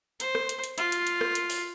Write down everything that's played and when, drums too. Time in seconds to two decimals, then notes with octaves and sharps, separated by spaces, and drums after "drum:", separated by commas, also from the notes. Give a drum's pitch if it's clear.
0.20 C5, drum: hi-hat
0.35 drum: rim click
0.49 drum: hi-hat
0.64 drum: hi-hat
0.78 F4, drum: hi-hat
0.92 drum: hi-hat
1.07 drum: hi-hat
1.21 drum: rim click
1.35 drum: hi-hat
1.50 drum: open hi-hat